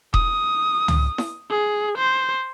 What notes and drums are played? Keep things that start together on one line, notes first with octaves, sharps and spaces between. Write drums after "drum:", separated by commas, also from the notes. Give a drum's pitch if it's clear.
D#6, drum: kick E1
drum: tom
drum: snare E4
G#4
C5